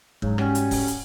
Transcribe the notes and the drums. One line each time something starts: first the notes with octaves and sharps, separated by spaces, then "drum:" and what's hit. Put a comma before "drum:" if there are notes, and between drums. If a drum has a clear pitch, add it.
G#2 C#3 F#3, drum: kick
F#3 G3 C#4, drum: rim click
drum: hi-hat
drum: kick, open hi-hat
drum: hi-hat